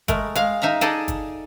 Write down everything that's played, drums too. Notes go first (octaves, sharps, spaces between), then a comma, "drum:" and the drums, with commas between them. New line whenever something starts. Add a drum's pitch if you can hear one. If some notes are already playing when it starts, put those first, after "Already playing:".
G#3 A3 A#4, drum: kick, hi-hat
G#3 F5, drum: hi-hat
D#4 E5 F5 A#5
D#4 G#4 A4 D5 D#5 A5, drum: hi-hat
drum: kick, hi-hat